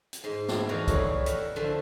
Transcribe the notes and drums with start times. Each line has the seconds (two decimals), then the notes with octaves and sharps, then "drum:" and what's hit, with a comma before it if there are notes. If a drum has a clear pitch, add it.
0.13 drum: hi-hat
0.24 G#2 C6
0.49 E4, drum: snare
0.69 F2 E3 D#4 F#4 D5 F5
0.88 A2 G3 E4, drum: kick, hi-hat
1.26 A#4 E5 F#5, drum: hi-hat
1.56 D3 F3 A3 F4 C5 E5